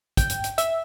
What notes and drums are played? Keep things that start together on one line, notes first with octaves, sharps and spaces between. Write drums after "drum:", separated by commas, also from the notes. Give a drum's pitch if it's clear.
G5, drum: kick, hi-hat
drum: hi-hat
drum: hi-hat
E5, drum: hi-hat